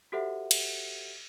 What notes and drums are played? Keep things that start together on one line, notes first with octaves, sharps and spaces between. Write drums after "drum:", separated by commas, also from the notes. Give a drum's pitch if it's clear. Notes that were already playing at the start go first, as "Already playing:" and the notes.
F#4 G4 A4 C5 E5 F#5
drum: cymbal